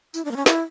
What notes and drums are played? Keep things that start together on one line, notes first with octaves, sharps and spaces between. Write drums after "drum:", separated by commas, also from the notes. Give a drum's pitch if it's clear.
E4, drum: tambourine
D4
A#3
C#4
E4, drum: snare